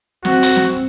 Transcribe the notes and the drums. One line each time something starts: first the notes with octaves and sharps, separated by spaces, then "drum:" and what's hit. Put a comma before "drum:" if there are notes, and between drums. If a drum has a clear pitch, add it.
C4 F#4, drum: snare
drum: hi-hat
drum: snare